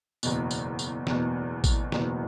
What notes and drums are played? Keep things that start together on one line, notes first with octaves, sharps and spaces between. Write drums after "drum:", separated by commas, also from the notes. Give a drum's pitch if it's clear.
F#1 E2 B2, drum: tambourine
drum: tambourine
drum: tambourine
F#1 E2 B2, drum: snare
drum: kick A1, tambourine
F#1 E2 B2, drum: snare